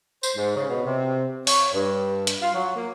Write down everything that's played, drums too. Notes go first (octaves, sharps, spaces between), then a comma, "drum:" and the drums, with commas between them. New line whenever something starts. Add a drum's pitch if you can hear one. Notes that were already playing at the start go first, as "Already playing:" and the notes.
C5, drum: tambourine
G#2
C#3
B2
C3
C#5, drum: open hi-hat
G2
drum: hi-hat
F4
F#3
A#3